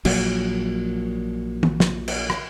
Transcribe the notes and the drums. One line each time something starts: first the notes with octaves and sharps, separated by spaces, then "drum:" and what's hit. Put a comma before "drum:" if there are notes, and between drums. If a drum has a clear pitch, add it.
A#1 A#2 F#3, drum: cymbal
drum: tom D#3
drum: snare
drum: cymbal
drum: rim click